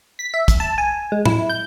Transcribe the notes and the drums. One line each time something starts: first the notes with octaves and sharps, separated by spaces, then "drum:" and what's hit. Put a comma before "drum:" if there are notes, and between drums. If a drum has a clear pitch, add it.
B6
E5
drum: kick, hi-hat
A5
G#5
G#3
E4, drum: tom A2
G6